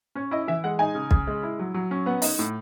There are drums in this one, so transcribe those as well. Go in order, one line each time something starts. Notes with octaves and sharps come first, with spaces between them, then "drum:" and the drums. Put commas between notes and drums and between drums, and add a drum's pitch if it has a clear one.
C#4 C#5
E4 D#5
E3 E5
G#3 F#5
D#4 G#5
C#3
C#3, drum: kick
G#3
E4
F#3
F#3
C#4
B3 F#5
D#4, drum: open hi-hat
A2